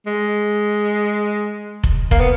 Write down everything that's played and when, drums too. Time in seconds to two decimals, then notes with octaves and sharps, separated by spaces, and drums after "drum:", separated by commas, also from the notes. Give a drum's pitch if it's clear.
0.06 G#3
1.84 drum: kick F1
2.11 A#3, drum: kick F1
2.20 B3